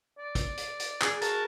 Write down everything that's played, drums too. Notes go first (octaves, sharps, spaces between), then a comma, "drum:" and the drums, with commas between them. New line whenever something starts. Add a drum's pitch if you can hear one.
D5
drum: kick, hi-hat
drum: hi-hat
drum: hi-hat
G#4, drum: clap
F#4 A#4 A5, drum: hi-hat